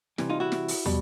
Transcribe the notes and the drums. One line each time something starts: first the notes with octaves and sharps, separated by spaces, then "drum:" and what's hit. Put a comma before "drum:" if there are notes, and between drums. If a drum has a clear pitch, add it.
C3 E3 G3, drum: snare
D#4 F4
E4 F#4
drum: snare
drum: open hi-hat
B2 G3, drum: tom